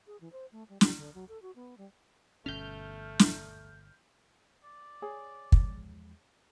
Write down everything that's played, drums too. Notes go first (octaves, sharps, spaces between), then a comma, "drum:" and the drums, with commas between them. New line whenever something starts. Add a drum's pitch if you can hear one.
G#4
E3
C5
A3
G3
G4, drum: snare
D3
F#3
A4
F#4
B3
G3
G1 B2 A3 C#4 F6 G6
drum: snare
D5
G#4 C#5 G#5
E2 F3 G#3, drum: kick